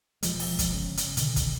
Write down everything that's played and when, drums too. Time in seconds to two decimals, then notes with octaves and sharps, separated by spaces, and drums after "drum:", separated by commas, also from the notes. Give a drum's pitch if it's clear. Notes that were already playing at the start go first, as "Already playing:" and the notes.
0.23 E1 F3 G#3, drum: hi-hat
0.39 drum: open hi-hat
0.59 drum: kick, hi-hat
0.70 G1 C#3
0.97 drum: hi-hat
1.17 B2 D3 D#3, drum: hi-hat
1.36 drum: kick, hi-hat